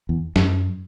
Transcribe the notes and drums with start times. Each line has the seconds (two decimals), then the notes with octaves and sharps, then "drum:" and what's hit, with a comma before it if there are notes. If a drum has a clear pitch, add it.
0.09 E2
0.36 F#2, drum: snare